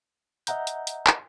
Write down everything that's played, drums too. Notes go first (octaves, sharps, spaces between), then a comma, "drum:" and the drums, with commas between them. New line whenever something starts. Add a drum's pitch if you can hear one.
D#5 E5 F#5 A#5 G6, drum: hi-hat
drum: hi-hat
drum: hi-hat
drum: clap